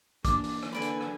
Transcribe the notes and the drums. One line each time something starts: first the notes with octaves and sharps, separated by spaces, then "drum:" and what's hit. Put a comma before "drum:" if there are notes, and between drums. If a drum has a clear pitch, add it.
E3 A#3 D4 D6, drum: kick, hi-hat
drum: open hi-hat
drum: rim click
D3 B4 D5 G#5 B5
drum: hi-hat
drum: rim click